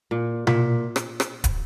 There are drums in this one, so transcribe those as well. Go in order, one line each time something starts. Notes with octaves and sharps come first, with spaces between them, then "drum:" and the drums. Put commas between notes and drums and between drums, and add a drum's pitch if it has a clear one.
A#2
A#2 E5, drum: tom B2
drum: rim click
drum: rim click
drum: kick, hi-hat